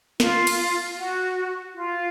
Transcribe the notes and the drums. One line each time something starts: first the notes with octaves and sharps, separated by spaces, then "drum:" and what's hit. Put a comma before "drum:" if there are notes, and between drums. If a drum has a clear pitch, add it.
F4, drum: snare
drum: cymbal
F#4
F4